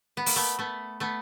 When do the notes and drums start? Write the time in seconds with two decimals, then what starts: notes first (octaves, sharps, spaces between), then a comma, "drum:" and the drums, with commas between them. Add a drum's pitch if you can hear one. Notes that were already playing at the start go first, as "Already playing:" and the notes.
0.17 B3
0.26 A#3, drum: open hi-hat
0.36 A3 B3
0.59 A3 B3
1.00 A3 B3